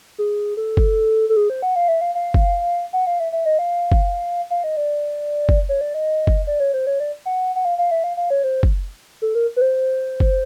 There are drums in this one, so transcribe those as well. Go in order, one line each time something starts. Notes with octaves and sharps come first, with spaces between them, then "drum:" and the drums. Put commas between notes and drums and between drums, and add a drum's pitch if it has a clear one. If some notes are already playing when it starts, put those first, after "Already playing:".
G#4
A4
drum: kick F#1
A4
G#4
C5
F#5
F5
E5
F5
F5
drum: kick F#1
F#5
F5
E5
E5
D#5
F5
drum: kick F#1
F5
D#5
D5
drum: kick F#1
C#5
D5
D#5
drum: kick F#1
D5
C#5
C5
C#5
D5
F#5
F#5
F5
F5
E5
F5
F5
C#5
C5
drum: kick F#1
A4
A#4
B4
C5
drum: kick F#1